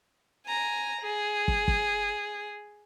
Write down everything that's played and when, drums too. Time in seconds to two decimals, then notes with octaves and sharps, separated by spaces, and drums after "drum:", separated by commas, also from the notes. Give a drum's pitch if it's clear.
0.47 G#5 A#5
1.01 G#4
1.48 drum: kick
1.68 drum: kick